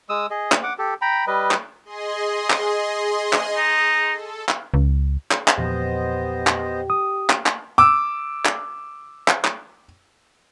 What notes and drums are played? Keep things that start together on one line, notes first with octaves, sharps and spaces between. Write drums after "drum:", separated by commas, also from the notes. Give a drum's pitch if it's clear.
G#3 D#6 E6
G#4 D#5
drum: clap
F#5 D6
G4 A4
G5 A#5 B5
G3 B4 D#5
drum: clap
G#4 D#5 C6
drum: clap
drum: clap
D#4
A4
drum: clap
C#2
drum: clap
drum: clap
E2 A#2 F3 B3 G4 C5 D#5
drum: clap
D#6
drum: clap
drum: clap
D6 E6
drum: clap
drum: clap
drum: clap